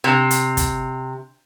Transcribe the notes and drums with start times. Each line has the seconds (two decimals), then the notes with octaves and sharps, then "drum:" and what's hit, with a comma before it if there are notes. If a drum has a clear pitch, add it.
0.04 C3
0.31 drum: hi-hat
0.57 drum: kick, hi-hat